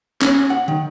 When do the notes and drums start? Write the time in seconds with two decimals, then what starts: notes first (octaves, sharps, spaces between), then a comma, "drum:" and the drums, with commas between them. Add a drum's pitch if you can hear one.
0.22 C#4, drum: clap
0.50 F#5
0.68 D#3